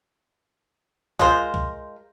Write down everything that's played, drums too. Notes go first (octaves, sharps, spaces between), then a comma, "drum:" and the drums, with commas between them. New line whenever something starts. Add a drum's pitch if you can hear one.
G#3 F4 A#4 C5, drum: kick C2
drum: kick C2